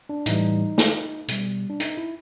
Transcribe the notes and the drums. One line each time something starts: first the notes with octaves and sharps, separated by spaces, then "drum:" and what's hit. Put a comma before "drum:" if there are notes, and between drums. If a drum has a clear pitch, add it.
D4
A2 E3 G3 D#4, drum: hi-hat
drum: snare
B2 G3, drum: hi-hat
D4
D#4, drum: hi-hat
E4